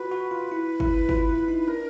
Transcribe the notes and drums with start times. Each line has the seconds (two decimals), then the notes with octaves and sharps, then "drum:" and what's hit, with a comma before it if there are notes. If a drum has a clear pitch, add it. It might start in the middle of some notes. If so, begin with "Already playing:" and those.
Already playing: F4 F#4 B4
0.12 F#4
0.31 F4
0.51 E4
0.80 E4, drum: kick
1.09 F4, drum: kick
1.29 E4
1.48 D#4
1.68 D4 A#4